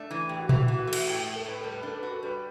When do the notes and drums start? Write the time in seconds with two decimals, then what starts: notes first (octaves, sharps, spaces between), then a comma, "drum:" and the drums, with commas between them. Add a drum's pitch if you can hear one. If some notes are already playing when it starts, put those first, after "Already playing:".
Already playing: A3 D4
0.11 E3
0.27 A2 G4
0.39 F#4
0.49 E3 E4, drum: tom A#2
0.63 F#4
0.68 E3
0.78 F#4
0.87 A3
0.93 F#4, drum: cymbal
1.07 A2 G4
1.27 A2
1.36 A4
1.45 A2 B4
1.61 G3 A4
1.74 B4
1.83 D4 A4
1.99 F#4 B4
2.13 A4
2.23 G3 B4